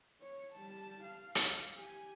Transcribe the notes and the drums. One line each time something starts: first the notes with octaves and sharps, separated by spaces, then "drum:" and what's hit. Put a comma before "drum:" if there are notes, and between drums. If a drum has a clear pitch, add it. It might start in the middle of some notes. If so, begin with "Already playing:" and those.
C#5
G3 A5
F5
drum: hi-hat
G4 G#5